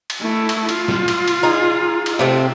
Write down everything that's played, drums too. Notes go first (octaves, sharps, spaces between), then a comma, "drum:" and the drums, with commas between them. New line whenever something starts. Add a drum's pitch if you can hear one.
drum: cymbal
A3 E4
drum: cymbal
F4, drum: cymbal
drum: snare
drum: cymbal
drum: cymbal
D#4 G#4
drum: cymbal
C3 A3 C4